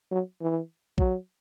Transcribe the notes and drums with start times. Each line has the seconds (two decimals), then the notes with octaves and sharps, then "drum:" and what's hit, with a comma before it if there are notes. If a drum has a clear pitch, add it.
0.12 F#3
0.41 E3
0.98 F#3, drum: kick A#1